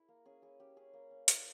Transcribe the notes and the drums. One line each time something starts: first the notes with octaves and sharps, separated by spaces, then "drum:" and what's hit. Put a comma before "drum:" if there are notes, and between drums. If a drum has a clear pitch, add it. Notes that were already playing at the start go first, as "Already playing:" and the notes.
Already playing: E4 G#4 A#4
A#3
C#4 G#4
E4 G#4
C#4 G4
C#4 G#4
A#3
C#4
E4, drum: hi-hat